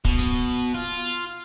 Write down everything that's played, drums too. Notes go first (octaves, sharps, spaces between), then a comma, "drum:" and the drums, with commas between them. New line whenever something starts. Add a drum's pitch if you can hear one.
B2, drum: kick
drum: hi-hat
F4